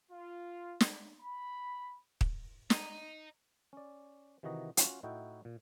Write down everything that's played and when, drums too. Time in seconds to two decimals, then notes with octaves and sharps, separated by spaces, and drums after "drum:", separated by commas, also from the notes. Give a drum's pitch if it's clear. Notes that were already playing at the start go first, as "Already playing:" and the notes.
0.11 F4
0.80 drum: snare
1.21 B5
2.21 drum: kick
2.70 D#5 A#5, drum: snare
3.73 C#4 D5
4.43 C3 D#3 E3 F#4 D#5 A#5
4.77 C#4 F4 F#4, drum: hi-hat
5.03 A2 D#4 E4 F#4 G5
5.45 A#2